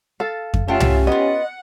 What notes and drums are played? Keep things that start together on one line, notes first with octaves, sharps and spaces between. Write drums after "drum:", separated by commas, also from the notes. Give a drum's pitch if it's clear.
A4 F5
drum: kick F2
A3 C#4 F4 G4 E5 F#5 G5
drum: tom C2
B3 F4 D#5 F#5